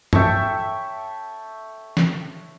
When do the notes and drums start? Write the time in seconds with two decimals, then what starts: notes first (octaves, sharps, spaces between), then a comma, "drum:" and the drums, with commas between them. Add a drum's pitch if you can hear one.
0.13 A4 C#5 E5 G5, drum: tom
1.97 drum: snare